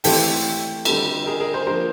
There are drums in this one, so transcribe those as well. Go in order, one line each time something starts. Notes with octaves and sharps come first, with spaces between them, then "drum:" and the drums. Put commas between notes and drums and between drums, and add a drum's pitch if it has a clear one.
E3 A3 C4 G4 A4, drum: open hi-hat
D3 G3 C4 G4 A4, drum: cymbal
G#4 A#4
G#4 A#4
A#4 C5
F3 A#3 D4 A#4 C5